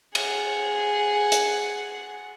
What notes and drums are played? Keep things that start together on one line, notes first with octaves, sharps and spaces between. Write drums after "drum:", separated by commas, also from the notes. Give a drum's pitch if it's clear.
G#4 F#5, drum: cymbal
drum: hi-hat